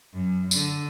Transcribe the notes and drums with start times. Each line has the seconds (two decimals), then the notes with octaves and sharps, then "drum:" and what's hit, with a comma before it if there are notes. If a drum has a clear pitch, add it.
0.14 F#2
0.51 D3, drum: tambourine